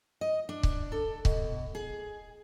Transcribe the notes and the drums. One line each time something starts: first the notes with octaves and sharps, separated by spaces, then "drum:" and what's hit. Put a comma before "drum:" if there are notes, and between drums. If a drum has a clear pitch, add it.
D#5
D4
drum: kick C#1
A4
B2, drum: kick C#1
G#4